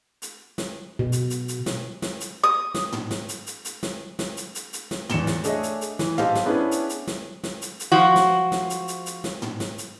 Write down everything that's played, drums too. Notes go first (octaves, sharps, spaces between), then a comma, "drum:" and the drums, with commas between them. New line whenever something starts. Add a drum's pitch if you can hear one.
drum: hi-hat
drum: snare
B2
drum: hi-hat
drum: hi-hat
drum: hi-hat
drum: snare
drum: snare
drum: hi-hat
D#6
drum: snare
drum: tom
drum: snare
drum: hi-hat
drum: hi-hat
drum: hi-hat
drum: snare
drum: snare
drum: hi-hat
drum: hi-hat
drum: hi-hat
drum: snare
E2 C#7 E7 G7, drum: tom
drum: snare
A3 D4 G#4 C#5 D#5 E5, drum: hi-hat
drum: hi-hat
drum: hi-hat
E3, drum: snare
G4 A4 C5 D#5 F5, drum: tom
drum: snare
B3 C#4 D4 E4 G#4 B4
drum: hi-hat
drum: hi-hat
drum: snare
drum: snare
drum: hi-hat
drum: hi-hat
F3 F#4
drum: snare
drum: snare
drum: hi-hat
drum: hi-hat
drum: hi-hat
drum: snare
drum: tom
drum: snare
drum: hi-hat